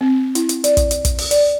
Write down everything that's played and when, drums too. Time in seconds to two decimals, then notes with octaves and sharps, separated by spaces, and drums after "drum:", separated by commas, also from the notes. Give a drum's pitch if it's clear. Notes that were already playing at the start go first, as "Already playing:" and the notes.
0.01 C4
0.35 E4, drum: hi-hat
0.49 drum: hi-hat
0.64 D5, drum: hi-hat
0.77 drum: kick, hi-hat
0.91 drum: hi-hat
1.05 drum: kick, hi-hat
1.18 drum: open hi-hat
1.31 D5, drum: hi-hat